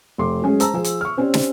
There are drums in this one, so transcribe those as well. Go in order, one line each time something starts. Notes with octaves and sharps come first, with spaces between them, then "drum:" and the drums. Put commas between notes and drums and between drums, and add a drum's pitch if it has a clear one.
F1 C6 D6
F#3 G#3 C#4 G#4
C5 A5 A#5 E6, drum: hi-hat
F3 G#4 C5
drum: hi-hat
C#6 F6
C4 C#4 G4 C5 D5
drum: snare